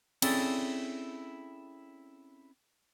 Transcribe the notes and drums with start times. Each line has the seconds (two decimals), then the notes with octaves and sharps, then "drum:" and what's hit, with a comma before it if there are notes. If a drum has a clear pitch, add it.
0.22 C4 C#4 E4 G#4 A4 D5, drum: cymbal